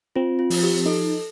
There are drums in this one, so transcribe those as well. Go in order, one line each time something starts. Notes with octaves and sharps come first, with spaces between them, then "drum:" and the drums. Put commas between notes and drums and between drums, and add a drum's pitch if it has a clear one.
C4 F4
F4
F3, drum: open hi-hat
G4
D#4 A4